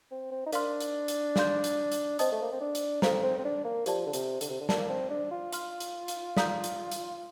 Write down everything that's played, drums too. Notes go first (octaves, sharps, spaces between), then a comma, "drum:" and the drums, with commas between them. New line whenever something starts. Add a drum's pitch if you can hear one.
C4
C4
D#4
D4 A#4 F5 C6 F6, drum: hi-hat
drum: hi-hat
drum: hi-hat
D5 F5 C6 G6, drum: snare
drum: hi-hat
drum: hi-hat
C4 C5 D#5 A5 D#6, drum: hi-hat
A3
A#3
C4
D4
drum: hi-hat
C4 A4 C5 F5 A#5, drum: snare
C4
C4
D4
A#3
F3 G4 D5 A5, drum: hi-hat
D3
C3, drum: hi-hat
D3, drum: hi-hat
C3
D3
A#3 D5 F5 A5, drum: snare
C4
D4
F4
F5 C6 F6, drum: hi-hat
drum: hi-hat
drum: hi-hat
D5 F5 A#5 D#6 G6, drum: snare
drum: hi-hat
drum: hi-hat